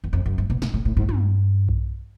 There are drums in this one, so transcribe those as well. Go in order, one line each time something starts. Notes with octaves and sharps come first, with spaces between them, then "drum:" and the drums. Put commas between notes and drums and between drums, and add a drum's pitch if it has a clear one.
E2
F2
F#2
G2
B2
B2, drum: snare
A2
A2
G#2
G2, drum: tom
drum: kick B1